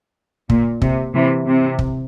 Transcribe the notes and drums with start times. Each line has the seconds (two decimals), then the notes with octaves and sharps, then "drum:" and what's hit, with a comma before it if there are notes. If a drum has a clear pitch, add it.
0.50 A#2, drum: kick
0.82 C3, drum: kick
1.14 C3 E3
1.46 C3
1.79 drum: kick